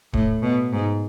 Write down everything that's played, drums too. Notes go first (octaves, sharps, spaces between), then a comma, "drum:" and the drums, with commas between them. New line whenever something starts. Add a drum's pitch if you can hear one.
A2, drum: kick D1
B2
G#2